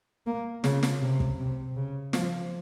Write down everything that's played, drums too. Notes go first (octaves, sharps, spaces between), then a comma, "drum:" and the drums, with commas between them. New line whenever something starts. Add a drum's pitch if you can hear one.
A#3
C#3, drum: snare
drum: snare
C3
drum: kick
C3
C#3
F3, drum: snare